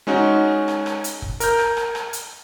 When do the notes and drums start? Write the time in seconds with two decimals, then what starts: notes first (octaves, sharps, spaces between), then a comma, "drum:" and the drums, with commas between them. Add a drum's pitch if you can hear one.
0.07 G#3 C#4 D#4 F#4
0.68 drum: rim click
0.86 drum: rim click
1.04 drum: hi-hat
1.22 drum: kick
1.40 A#4 F6 G6, drum: hi-hat
1.58 drum: rim click
1.77 drum: rim click
1.95 drum: rim click
2.13 drum: hi-hat